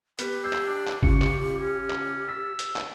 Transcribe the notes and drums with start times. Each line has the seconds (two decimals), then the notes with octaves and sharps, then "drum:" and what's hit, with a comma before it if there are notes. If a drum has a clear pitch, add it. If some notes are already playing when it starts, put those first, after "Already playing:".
0.19 B3 G4 B4, drum: hi-hat
0.44 E6 G6 G#6 C7
0.53 drum: clap
0.66 D4
0.87 drum: clap
1.03 C#3 F4 C#6, drum: kick G#1
1.22 drum: clap
1.60 C#4
1.90 drum: clap
2.28 E6 A6 B6
2.59 drum: hi-hat
2.76 drum: clap